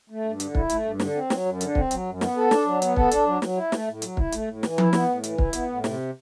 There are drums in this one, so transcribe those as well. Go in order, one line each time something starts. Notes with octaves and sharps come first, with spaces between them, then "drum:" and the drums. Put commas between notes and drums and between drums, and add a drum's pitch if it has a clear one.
A3
G2
D3, drum: hi-hat
E4, drum: kick
A3, drum: hi-hat
G2
D3, drum: snare
C4
F#3, drum: snare
F#2
D3, drum: hi-hat
C4, drum: kick
F#3, drum: hi-hat
F#2
B3, drum: snare
A4
D4, drum: snare
F#3
B3, drum: hi-hat
A4, drum: kick
D4, drum: hi-hat
F#3
F#3, drum: snare
E4
A3, drum: snare
A2
F#3, drum: hi-hat
E4, drum: kick
A3, drum: hi-hat
A2
E3, drum: snare
E4, drum: tom F3
B3, drum: snare
A2
E3, drum: hi-hat
E4, drum: kick
B3, drum: hi-hat
A2
C3, drum: snare